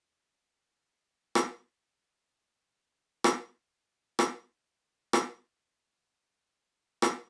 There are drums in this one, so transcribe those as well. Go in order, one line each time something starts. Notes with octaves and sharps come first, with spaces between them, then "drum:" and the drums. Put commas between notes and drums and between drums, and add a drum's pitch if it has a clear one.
E2 C#3 A#3 F4 G4
drum: rim click
C3 D#7
G3 D#6 G#6 D#7
drum: rim click
drum: rim click
G#3
drum: rim click
E5
drum: rim click